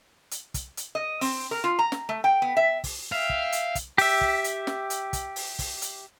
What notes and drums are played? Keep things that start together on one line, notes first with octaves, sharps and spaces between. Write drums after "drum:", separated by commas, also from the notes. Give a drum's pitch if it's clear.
drum: hi-hat
drum: kick, hi-hat
drum: hi-hat
D#5
C4, drum: open hi-hat
A#4
F4
A#5
drum: snare
A3
G5
B3
E5
drum: kick, open hi-hat
E5 F5 G5
drum: kick
drum: hi-hat
drum: kick, hi-hat
G4 E5, drum: open hi-hat
drum: kick
drum: hi-hat
drum: snare
drum: hi-hat
drum: kick, hi-hat
drum: open hi-hat
drum: kick, open hi-hat
drum: hi-hat